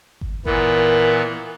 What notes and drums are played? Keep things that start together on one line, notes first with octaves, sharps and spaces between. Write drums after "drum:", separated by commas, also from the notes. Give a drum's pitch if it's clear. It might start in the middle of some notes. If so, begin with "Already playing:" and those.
drum: kick G1
A#2 E3 B3 A#4, drum: kick G1